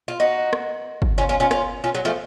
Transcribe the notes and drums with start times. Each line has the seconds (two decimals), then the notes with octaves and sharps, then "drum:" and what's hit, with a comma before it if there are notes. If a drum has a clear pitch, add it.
0.08 F4
0.20 D#4 F#4
0.53 drum: rim click
1.02 drum: kick
1.18 C#4 F4
1.29 C#4 F4
1.40 C#4 F4
1.51 C#4 F4, drum: rim click
1.84 C#4 F4
1.95 F#3
2.05 F3 A3